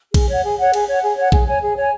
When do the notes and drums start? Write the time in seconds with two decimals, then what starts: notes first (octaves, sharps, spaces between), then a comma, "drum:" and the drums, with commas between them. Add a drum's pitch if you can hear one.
0.14 G#4, drum: kick A#1, cymbal
0.29 C#5 F#5
0.44 G#4
0.58 C#5 F#5
0.73 G#4, drum: cymbal
0.88 C#5 F#5
1.03 G#4
1.18 C#5 F#5
1.32 G#4, drum: kick A#1
1.47 C#5 G#5
1.62 G#4
1.77 C#5 G#5